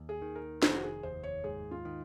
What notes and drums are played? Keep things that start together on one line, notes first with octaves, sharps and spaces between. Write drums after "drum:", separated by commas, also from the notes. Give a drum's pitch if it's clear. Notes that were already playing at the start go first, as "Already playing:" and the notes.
Already playing: D#2
G#4
D#3
A#4
F1 C5, drum: snare
F#4
G#4
D#2 C5
C#5
G#2 G#4
F4
D#3